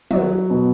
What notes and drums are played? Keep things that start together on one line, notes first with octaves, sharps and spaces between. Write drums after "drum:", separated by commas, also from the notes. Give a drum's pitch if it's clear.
F#3, drum: tom
B2